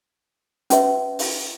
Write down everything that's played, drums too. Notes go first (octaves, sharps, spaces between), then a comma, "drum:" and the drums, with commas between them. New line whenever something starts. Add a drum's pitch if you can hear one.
C#4 F#4 B4 E5, drum: hi-hat
drum: open hi-hat